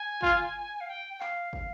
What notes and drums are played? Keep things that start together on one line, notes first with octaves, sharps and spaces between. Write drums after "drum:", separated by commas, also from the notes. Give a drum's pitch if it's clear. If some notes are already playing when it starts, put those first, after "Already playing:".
Already playing: G#5
F4, drum: kick
F5
G5
G5
F5, drum: clap
F5, drum: kick